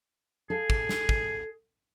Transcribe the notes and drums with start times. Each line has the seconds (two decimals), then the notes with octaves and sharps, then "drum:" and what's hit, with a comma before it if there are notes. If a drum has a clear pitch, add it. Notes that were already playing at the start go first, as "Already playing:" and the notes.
0.50 G#4 A4 F5
0.70 drum: kick
0.89 drum: snare
1.09 drum: kick